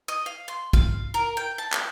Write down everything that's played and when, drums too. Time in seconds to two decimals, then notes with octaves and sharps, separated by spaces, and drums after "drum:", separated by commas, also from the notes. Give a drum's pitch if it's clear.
0.08 D#5
0.26 F5
0.48 C6
0.73 F5, drum: kick
1.14 A#4
1.37 G5
1.58 A5
1.73 drum: clap